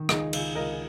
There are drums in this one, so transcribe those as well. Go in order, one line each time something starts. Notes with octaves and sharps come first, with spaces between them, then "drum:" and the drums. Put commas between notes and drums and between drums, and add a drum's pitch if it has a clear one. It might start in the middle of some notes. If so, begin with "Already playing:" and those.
Already playing: D#3
C#2 D#4 G#4, drum: rim click
C#2, drum: cymbal
C#2 A#4 D#5